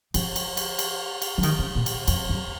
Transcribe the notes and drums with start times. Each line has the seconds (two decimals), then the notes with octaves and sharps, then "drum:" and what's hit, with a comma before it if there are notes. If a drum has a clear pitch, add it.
0.14 F3, drum: cymbal
0.36 drum: cymbal
0.57 drum: cymbal
0.79 drum: cymbal
1.22 drum: cymbal
1.38 F3
1.43 D#3, drum: cymbal
1.59 C#3
1.75 A#2
1.86 drum: cymbal
2.07 F2, drum: cymbal
2.29 F#2